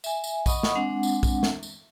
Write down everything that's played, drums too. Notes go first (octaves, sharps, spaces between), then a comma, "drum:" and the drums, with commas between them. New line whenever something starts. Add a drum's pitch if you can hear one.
E5 G#5, drum: tambourine
drum: tambourine
D#5 F#5 B5 C#6 D#6, drum: kick A#1, tambourine
drum: snare
G#3 C4 D4 F#5
drum: tambourine
drum: kick A#1, tambourine
drum: snare
drum: tambourine